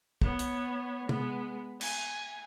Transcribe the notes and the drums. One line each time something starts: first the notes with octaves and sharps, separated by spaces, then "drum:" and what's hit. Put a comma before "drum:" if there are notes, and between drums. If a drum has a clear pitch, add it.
B3 C#5, drum: kick
drum: hi-hat
G#3 B3, drum: tom C3
G#5, drum: cymbal